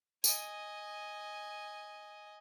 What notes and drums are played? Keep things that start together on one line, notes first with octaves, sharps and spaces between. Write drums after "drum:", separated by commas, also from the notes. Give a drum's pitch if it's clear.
D#5 G#5, drum: tambourine